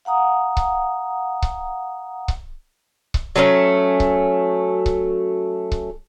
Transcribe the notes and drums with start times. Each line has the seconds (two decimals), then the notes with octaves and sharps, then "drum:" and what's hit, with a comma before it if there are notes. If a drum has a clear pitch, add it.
0.05 F5 F#5 A#5 D#6
0.57 drum: kick C#1
1.42 drum: kick C#1
2.28 drum: kick C#1
3.14 drum: kick C#1
3.36 F#3 A3 C4 C#4
4.00 drum: kick C#1
4.86 drum: kick C#1
5.72 drum: kick C#1